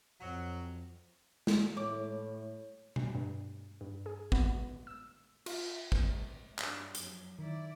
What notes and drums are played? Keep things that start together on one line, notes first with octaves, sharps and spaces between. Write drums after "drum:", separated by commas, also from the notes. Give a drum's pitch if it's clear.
F2 F#3
drum: snare
A2 C#5 D6
drum: tom B2
G2
G2
G#4
B3, drum: kick
E6
F4, drum: cymbal
drum: kick
G2 D4, drum: clap
F#2 F3, drum: hi-hat
D#3 E4 D5